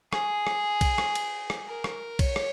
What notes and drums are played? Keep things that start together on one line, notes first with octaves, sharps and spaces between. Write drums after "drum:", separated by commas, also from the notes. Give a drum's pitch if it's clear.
G#4, drum: rim click
drum: rim click
drum: kick B1, cymbal
drum: rim click
drum: cymbal
drum: rim click
A#4
drum: rim click
C#5, drum: kick B1, cymbal
drum: rim click